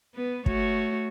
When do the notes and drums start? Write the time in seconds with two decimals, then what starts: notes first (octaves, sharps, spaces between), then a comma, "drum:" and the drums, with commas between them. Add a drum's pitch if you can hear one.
0.14 B3 B4
0.46 A3 F#4 C#5, drum: kick